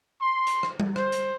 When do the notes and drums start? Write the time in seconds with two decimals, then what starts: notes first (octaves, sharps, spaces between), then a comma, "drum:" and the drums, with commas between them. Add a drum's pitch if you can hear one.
0.21 C6
0.47 drum: hi-hat
0.63 drum: rim click
0.80 drum: tom G3
0.96 C5, drum: rim click
1.12 drum: hi-hat